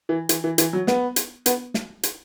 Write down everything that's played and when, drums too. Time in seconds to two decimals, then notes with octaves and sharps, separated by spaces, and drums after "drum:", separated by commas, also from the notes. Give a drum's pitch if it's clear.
0.09 E3
0.29 E3, drum: hi-hat
0.44 E3
0.58 E3, drum: hi-hat
0.73 F#3
0.87 B3, drum: snare
1.16 drum: hi-hat
1.46 B3, drum: hi-hat
1.74 drum: snare
2.03 drum: hi-hat